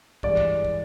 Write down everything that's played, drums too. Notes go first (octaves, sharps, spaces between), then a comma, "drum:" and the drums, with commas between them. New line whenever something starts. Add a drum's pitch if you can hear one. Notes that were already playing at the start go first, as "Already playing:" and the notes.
G2 E3 G#3 D5, drum: kick
drum: kick
drum: kick